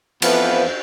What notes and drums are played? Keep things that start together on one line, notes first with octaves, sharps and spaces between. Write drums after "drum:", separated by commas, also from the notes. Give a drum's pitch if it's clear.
F2 E3 F3 B3, drum: cymbal